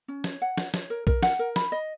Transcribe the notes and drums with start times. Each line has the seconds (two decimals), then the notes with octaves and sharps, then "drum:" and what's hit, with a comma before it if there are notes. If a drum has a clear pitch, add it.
0.08 C#4
0.24 C#5, drum: snare
0.42 F#5
0.58 C#5, drum: snare
0.74 C#5, drum: snare
0.90 A#4
1.07 A#4, drum: kick B1
1.23 F#5, drum: snare
1.39 A#4
1.56 B5, drum: snare
1.72 D#5